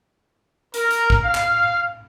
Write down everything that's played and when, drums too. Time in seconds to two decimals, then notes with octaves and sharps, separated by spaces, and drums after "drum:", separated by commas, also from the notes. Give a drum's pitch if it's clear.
0.74 A#4, drum: hi-hat
0.91 drum: hi-hat
1.10 drum: kick
1.23 F5
1.35 drum: clap